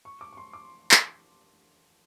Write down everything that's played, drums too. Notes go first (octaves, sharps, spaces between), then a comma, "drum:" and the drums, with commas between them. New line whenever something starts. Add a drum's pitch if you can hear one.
C#6
D6
C#6
C6
D6
drum: clap